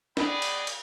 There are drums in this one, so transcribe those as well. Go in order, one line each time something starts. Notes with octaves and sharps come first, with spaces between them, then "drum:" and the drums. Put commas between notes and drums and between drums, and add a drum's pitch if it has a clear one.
B3 G#4 D5 D#5 G5 B5, drum: snare
drum: cymbal
drum: cymbal